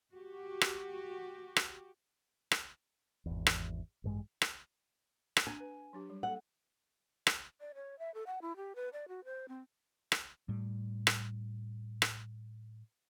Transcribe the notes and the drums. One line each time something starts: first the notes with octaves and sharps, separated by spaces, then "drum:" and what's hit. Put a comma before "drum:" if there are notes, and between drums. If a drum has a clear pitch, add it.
F#4 G4
drum: rim click
drum: rim click
drum: rim click
G#1 E2
drum: rim click
A1 G2 G#3
drum: rim click
drum: rim click
D4 G#5 A#5
B4
F#3 D4 G4
G3
A#3 A4 F#5
drum: rim click
D5
C#5
E5
A4
F#5
E4
G4
B4
D5
F#4
C5
C4
drum: rim click
A2 G3
drum: rim click
drum: rim click